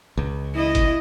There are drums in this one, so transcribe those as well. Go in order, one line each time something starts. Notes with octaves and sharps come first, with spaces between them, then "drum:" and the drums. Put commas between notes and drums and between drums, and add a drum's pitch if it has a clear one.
C#2
E4 D#5
drum: kick G1, hi-hat